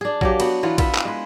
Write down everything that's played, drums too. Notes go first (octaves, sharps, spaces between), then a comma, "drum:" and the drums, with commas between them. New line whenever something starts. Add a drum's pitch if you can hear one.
D4 G#4
F#3 A#3 G4, drum: kick A#1
B3 F#4, drum: cymbal
E3 B3 F4
B3 F4 B4 E5, drum: kick A#1, cymbal
drum: clap
G#3 B4